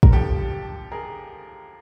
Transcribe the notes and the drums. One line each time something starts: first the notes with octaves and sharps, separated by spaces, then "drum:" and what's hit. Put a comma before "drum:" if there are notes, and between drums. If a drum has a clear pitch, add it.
A#4, drum: kick
D#2 D3 F3 G4 A4
G#4 A#4